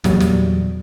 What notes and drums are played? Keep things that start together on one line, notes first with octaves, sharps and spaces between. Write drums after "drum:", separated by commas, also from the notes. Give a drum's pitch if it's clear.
E2 A#2 F#3 G3, drum: snare
drum: snare